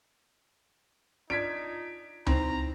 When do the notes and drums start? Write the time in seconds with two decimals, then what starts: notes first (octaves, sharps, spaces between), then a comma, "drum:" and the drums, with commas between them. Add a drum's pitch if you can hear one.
1.30 D4 D#4 F4 G#6 B6 D7
2.27 C4 D#4 E4 C5 A#5, drum: tom C#2